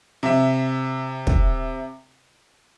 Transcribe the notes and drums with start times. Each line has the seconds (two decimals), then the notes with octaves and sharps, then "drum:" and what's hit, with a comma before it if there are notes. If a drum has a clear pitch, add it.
0.23 C3 E5
1.27 drum: kick